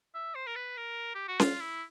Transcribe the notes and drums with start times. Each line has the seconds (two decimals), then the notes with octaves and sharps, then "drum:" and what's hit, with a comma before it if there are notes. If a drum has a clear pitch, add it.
0.15 E5
0.35 C5
0.47 A#4
0.56 B4
0.77 A#4
1.15 G4
1.28 F#4
1.40 F4, drum: snare C#4
1.61 E4